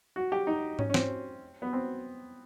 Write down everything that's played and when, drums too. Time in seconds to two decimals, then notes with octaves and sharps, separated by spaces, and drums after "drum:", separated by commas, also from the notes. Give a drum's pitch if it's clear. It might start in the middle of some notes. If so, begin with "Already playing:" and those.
0.16 F#4
0.32 G4
0.47 D#4
0.79 C#4, drum: tom G#2
0.90 C#4
0.94 C4, drum: snare
1.62 B3
1.73 C4